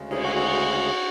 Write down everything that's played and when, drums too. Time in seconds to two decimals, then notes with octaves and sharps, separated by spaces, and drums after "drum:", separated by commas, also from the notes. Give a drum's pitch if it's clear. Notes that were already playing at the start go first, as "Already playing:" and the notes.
Already playing: D2 C#3 G#3
0.11 G#4, drum: cymbal
0.24 F#4
0.29 G#4
0.35 F#4